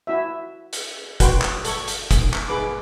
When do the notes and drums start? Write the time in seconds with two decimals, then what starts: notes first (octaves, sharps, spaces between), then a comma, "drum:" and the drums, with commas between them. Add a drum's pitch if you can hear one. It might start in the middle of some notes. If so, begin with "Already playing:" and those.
0.07 E4 F#4 E5
0.73 drum: hi-hat
1.20 F#4 B4 G5 C6, drum: kick, hi-hat
1.42 drum: clap
1.65 A4 C#6, drum: hi-hat
1.88 drum: hi-hat
2.11 drum: kick, hi-hat
2.34 drum: clap
2.48 D#4 G#4 B4 B5 D6